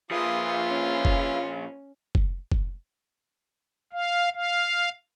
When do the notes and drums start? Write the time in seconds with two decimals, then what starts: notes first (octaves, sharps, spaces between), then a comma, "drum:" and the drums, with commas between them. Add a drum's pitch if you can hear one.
0.11 A#2 F3 F4 G#4 B4 E5 D#6
0.67 C#4
1.05 drum: kick
2.15 drum: kick
2.52 drum: kick
3.93 F5
4.35 F5